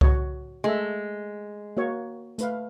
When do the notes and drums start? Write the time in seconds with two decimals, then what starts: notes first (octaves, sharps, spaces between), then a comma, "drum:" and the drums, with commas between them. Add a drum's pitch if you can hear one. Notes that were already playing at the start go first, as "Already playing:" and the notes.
0.01 F#4 C#5, drum: kick C2
0.64 G#3 A3 A4 E5
1.77 A#3 F#4 C#5
2.38 A3 B4 F5, drum: hi-hat